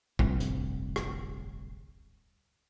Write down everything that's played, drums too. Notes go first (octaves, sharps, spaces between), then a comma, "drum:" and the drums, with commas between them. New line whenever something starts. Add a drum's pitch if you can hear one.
D1 G1 C2 F2, drum: kick
drum: hi-hat
drum: rim click